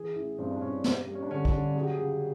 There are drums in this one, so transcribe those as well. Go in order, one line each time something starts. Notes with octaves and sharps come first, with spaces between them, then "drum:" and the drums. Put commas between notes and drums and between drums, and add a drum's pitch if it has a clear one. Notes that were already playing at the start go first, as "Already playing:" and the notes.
Already playing: E3 G#4
A1 E4
G2 C4
D4
G2 C#4
G3, drum: snare
G3
C#4
D4
D3 C#4
D4, drum: kick
D3
F#3 G#4
G4
G#4
C#3